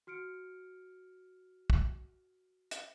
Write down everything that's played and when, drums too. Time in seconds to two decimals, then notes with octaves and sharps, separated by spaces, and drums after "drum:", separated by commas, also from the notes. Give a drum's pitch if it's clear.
0.07 F#4 F6 C#7 D7
1.70 drum: kick
2.71 drum: hi-hat